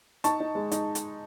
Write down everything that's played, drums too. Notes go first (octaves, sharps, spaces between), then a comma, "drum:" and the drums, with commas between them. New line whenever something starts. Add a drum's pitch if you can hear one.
D#4 A5 C#6, drum: hi-hat
D#4
G#3
D#4, drum: hi-hat
drum: hi-hat